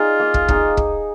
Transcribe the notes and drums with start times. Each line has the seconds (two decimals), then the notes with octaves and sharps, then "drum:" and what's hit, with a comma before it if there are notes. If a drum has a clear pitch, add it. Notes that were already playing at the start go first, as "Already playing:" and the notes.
Already playing: D#4 F4 G#4 D#5
0.20 A#3
0.34 drum: kick
0.48 D#4 G#4 D#5, drum: kick
0.77 drum: kick